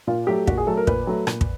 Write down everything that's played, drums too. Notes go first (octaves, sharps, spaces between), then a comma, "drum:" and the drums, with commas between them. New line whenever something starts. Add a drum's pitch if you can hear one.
A#2 F4
F#3 A3 G4
A#2 F#4, drum: kick
G#4
F#3 A3 A4
A#4
A#2 B4, drum: kick
F#3 A3
A#2, drum: rim click
drum: kick